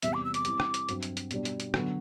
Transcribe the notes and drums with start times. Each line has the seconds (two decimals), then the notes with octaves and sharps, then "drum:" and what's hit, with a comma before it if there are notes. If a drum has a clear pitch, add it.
0.02 E2 C3 G3 C4 E5, drum: hi-hat
0.13 D6
0.24 E6
0.34 D6, drum: hi-hat
0.45 G3 C4 E4, drum: hi-hat
0.60 drum: rim click
0.74 drum: hi-hat
0.89 G2 F#3 C4 F#4, drum: hi-hat
1.03 drum: hi-hat
1.17 drum: hi-hat
1.31 B2 G3 D4, drum: hi-hat
1.45 drum: hi-hat
1.60 drum: hi-hat
1.74 D3 F#3 B3 F#4, drum: rim click